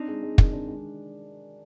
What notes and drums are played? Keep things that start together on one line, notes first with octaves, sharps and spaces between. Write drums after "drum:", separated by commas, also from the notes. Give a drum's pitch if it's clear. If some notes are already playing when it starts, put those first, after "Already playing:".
Already playing: C4 D4 D#4
G#3
G#3
D#3, drum: kick
D4
G#3